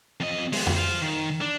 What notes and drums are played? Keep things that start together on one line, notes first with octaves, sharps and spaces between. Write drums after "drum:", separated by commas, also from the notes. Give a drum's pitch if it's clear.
F2 D#5
G#3 B3, drum: open hi-hat
drum: tom F2
C5 F5
D#3
D4